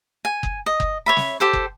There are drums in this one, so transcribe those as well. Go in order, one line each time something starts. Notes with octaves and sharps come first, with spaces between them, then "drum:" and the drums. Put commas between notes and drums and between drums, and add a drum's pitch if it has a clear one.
G#5
drum: kick F#1
D#5
drum: kick F#1
C#5 E5 B5
drum: snare
G4 A4 C5
drum: kick F#1